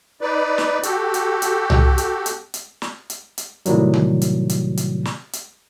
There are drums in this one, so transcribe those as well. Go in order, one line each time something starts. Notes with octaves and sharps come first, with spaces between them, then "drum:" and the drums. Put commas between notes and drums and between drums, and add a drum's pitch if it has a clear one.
D#4 B4 D5
drum: snare
F#4 G4 A4, drum: hi-hat
drum: hi-hat
drum: hi-hat
drum: tom C2
drum: hi-hat
drum: hi-hat
drum: hi-hat
drum: snare
drum: hi-hat
drum: hi-hat
A2 C3 D#3 F#3 G3, drum: hi-hat
drum: tom D3
drum: hi-hat
drum: hi-hat
drum: hi-hat
drum: snare
drum: hi-hat